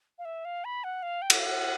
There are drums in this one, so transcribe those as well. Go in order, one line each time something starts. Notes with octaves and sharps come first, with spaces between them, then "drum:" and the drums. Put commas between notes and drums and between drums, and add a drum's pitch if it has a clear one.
F5
E5
F5
B5
F#5
F5
G5
F#5, drum: cymbal
F5
F#5